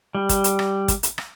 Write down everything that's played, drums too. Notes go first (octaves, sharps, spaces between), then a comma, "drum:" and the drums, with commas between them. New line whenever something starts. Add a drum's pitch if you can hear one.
G3
drum: kick, hi-hat
drum: hi-hat
drum: rim click
drum: kick, hi-hat
drum: hi-hat
drum: rim click